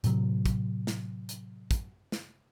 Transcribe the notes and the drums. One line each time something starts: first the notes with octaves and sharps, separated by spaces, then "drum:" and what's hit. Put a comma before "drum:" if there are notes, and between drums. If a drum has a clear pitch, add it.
A2 C3 F#3, drum: hi-hat
drum: kick, hi-hat
drum: snare
drum: hi-hat
drum: kick, hi-hat
drum: snare